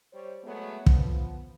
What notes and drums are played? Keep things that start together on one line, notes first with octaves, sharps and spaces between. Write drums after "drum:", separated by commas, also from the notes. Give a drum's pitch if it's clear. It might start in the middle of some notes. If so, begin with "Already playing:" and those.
G3 C5 C#5
F#3 G#3 A3 B3
F3 B3, drum: kick